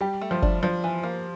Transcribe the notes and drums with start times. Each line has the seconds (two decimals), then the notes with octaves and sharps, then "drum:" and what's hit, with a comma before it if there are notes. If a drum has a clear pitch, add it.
0.01 G3 G4
0.21 A3
0.31 F3
0.42 D4, drum: kick F#1
0.63 F3 D4
0.84 E3
1.03 A#3